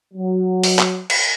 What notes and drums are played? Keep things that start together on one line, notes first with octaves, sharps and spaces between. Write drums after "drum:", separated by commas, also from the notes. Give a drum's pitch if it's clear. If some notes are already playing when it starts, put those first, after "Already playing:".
F#3
drum: open hi-hat
drum: clap
drum: cymbal